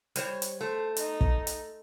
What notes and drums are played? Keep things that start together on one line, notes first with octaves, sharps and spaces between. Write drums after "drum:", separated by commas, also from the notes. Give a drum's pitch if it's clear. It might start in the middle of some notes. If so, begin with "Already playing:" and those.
G3 C5 C#5, drum: hi-hat
drum: hi-hat
A3 C5
D#4, drum: hi-hat
drum: kick
drum: hi-hat